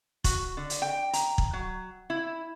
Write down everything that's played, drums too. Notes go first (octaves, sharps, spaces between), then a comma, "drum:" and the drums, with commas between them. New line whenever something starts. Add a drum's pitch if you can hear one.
F#4, drum: kick, hi-hat
D3
drum: hi-hat
G5
A#5, drum: hi-hat
drum: kick
F#3
E4